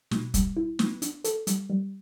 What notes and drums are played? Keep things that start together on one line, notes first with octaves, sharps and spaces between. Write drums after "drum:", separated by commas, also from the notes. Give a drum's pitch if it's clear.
B2, drum: snare
G3, drum: kick, hi-hat
E4
B3, drum: snare
D4, drum: hi-hat
A4, drum: hi-hat
G3, drum: hi-hat
G3